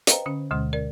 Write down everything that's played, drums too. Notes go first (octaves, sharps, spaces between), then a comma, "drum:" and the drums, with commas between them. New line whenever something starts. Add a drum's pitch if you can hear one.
B4 C5 D#5 F5 G5 A#5, drum: hi-hat
D3 C#4
D2 B2 D3 G#3
A#4 D5